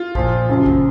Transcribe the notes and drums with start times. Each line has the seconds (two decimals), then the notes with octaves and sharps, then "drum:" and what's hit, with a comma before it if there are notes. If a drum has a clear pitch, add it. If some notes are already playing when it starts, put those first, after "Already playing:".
Already playing: F4
0.15 A#2 F3, drum: kick
0.49 F#2 C#3 F3
0.66 drum: kick